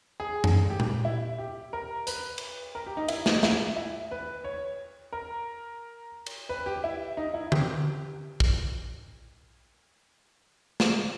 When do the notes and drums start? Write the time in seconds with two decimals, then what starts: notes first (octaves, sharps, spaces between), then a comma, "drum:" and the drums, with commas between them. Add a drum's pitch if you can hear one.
0.20 G#4
0.44 drum: tom F#2
0.70 G4
0.80 drum: tom A#2
1.05 E4
1.38 G4
1.73 A#4
2.07 B4, drum: hi-hat
2.38 drum: cymbal
2.75 A#4
2.86 G4
2.97 D#4
3.08 E4, drum: cymbal
3.26 D#4, drum: snare
3.43 E4, drum: snare
3.76 E4
4.11 B4
4.44 C#5
5.13 A#4
6.26 drum: cymbal
6.49 B4
6.66 G4
6.84 E4
7.17 D#4
7.34 E4
7.52 G4, drum: tom D3
8.40 drum: kick
10.80 drum: snare